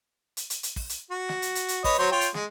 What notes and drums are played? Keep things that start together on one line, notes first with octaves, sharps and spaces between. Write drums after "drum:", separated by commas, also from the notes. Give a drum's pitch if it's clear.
drum: hi-hat
drum: hi-hat
drum: hi-hat
drum: kick, open hi-hat
drum: hi-hat
F#4
drum: snare
drum: hi-hat
drum: hi-hat
drum: hi-hat
B4 C#5 D#5, drum: kick, open hi-hat
F#3 C5 C#5
F4 C#5 G5
drum: hi-hat
G#3, drum: snare